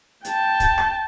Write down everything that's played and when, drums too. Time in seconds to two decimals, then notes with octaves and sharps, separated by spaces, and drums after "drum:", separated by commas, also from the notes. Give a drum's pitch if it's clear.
0.25 G5 A5, drum: hi-hat
0.60 drum: kick, hi-hat
0.78 drum: rim click